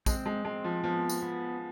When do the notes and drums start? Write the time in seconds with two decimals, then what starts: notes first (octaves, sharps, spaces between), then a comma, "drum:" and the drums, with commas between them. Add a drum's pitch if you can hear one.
0.06 G#3 C4, drum: kick, tambourine
0.26 G#3
0.45 G#3 C4
0.64 F3
0.83 F3 B3
1.09 drum: tambourine
1.23 B3